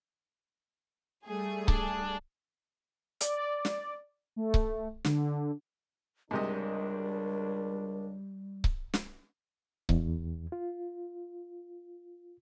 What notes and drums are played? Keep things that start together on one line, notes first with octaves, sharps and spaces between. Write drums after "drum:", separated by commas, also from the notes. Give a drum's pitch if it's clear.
G3 A3 G#4
D4, drum: kick C#1
D5, drum: hi-hat
drum: snare
A3
drum: kick C#1
D3, drum: snare
C#2 G#2 C3 G3 D4 A#4 D#5
drum: kick C#1
drum: snare
E2, drum: kick C#1
F4